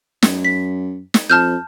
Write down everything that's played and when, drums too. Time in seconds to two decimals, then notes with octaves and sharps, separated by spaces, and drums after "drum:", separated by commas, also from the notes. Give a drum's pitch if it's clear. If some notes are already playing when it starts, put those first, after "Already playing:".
0.22 F#2, drum: snare
0.45 B6
1.14 drum: snare
1.30 F2 A5 F6 G6